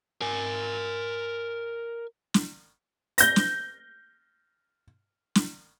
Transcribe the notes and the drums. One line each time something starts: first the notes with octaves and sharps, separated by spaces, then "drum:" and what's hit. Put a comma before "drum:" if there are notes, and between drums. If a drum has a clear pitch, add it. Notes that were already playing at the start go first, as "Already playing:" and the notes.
A#4 G#5
drum: snare
G6 A#6, drum: hi-hat
drum: snare
drum: snare